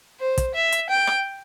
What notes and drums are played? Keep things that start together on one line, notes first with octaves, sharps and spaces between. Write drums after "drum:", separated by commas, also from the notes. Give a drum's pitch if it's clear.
C5
drum: kick, hi-hat
E5
drum: hi-hat
G5
drum: rim click